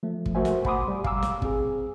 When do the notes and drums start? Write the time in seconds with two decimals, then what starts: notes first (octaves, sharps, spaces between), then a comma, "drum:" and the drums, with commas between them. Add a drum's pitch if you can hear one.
0.03 F3 A3
0.26 drum: kick
0.35 A3 F#4 A#4 C5 E5 G#5
0.45 drum: snare
0.65 F#5 G#5 B5 C6 D6 D#6, drum: kick
0.88 G3
1.04 F5 G#5 A#5 D6 E6, drum: kick
1.23 drum: snare
1.42 C4 G#4, drum: kick